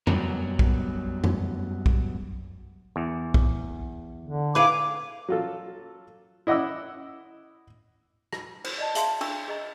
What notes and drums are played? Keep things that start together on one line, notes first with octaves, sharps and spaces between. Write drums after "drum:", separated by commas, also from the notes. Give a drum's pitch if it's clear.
F#2 F#3 G3 B3 A#4, drum: tom F2
drum: kick B1
drum: tom F2
drum: kick B1
E2
drum: kick B1
D3
E4 G#4 B4 F5 D6
F#3 F4 A4
E4 D#5 F#5 D6 E6
drum: rim click
C5, drum: cymbal
D5 D#5 A5
G#4 E5 F5 A5 C6, drum: hi-hat
D4 A4 C#6 E6, drum: cymbal
G#4 D#5 A#5